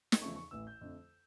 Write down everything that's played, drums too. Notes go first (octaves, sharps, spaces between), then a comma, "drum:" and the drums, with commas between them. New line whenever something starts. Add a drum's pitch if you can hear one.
drum: snare
E2 C#3 F3 A3 C#6
C#6
A1 A2 E3 E6
G6
F2 D3 A3